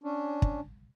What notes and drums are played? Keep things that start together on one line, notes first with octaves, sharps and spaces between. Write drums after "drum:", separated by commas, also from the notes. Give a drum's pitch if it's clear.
C#4 D4
drum: kick